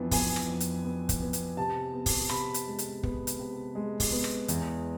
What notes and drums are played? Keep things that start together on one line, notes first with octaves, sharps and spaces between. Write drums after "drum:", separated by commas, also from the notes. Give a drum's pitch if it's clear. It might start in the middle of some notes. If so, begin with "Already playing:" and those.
Already playing: F2 E3 B3 D4
B3 G#5, drum: kick, open hi-hat
drum: rim click
F2
drum: hi-hat
B3
drum: kick, hi-hat
B3
drum: hi-hat
C3 A5
B3
drum: kick, open hi-hat
C3 B5, drum: rim click
drum: hi-hat
G#3
drum: hi-hat
B3, drum: kick
drum: hi-hat
C3
G#3
drum: kick, open hi-hat
B3
drum: rim click
E2, drum: hi-hat